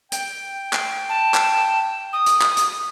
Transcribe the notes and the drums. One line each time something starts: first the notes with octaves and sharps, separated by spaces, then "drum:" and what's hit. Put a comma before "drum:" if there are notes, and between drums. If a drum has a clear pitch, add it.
G5, drum: hi-hat
drum: clap
A5
drum: clap
D#6
drum: hi-hat
drum: clap
drum: hi-hat